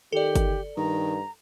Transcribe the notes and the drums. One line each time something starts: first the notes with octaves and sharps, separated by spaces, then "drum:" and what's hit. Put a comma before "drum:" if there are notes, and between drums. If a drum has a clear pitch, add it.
D#3 G4 A4 D5
drum: kick G1, hi-hat
G2 D#3 A#5